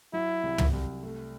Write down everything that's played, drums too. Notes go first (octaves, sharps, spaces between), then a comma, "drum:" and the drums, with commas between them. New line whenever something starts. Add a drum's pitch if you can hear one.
F#3 E4
C2
drum: tom
C2
A3